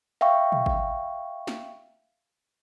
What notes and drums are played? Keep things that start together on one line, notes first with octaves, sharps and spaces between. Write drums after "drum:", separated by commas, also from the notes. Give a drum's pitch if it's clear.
E5 F5 G5 C#6
drum: tom A#2
drum: kick G#1
drum: snare